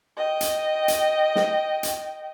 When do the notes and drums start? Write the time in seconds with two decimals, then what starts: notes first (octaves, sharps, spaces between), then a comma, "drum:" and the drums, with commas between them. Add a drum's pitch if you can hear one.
0.17 D#5 G5
0.41 drum: hi-hat
0.88 drum: hi-hat
1.36 drum: snare
1.83 drum: hi-hat